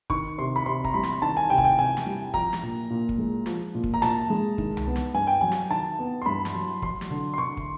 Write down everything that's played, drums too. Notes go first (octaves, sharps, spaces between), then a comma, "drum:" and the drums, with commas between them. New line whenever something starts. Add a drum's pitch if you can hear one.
D#3 C#6, drum: kick
C3 C6
B5
C3 C6
A#5, drum: kick
G3 B5
drum: snare
D#3 A5
G#5
C3 G5
G#5, drum: kick
G5
C3 G#5
drum: snare
G3
F3 A#5, drum: kick
drum: snare
A#2
A#2
drum: kick
G#3
F3, drum: snare
A#2
drum: kick
A#5
A#2 A5, drum: snare
G#3
D#3, drum: kick
drum: tom C2
B3
drum: snare
G2 G#5
G5
F#3 G#5
drum: snare
D#3 A5
B3
C6
G2 B5
drum: snare
F#3
F#3 C6, drum: kick
drum: snare
D3
C6
D3 C#6
drum: kick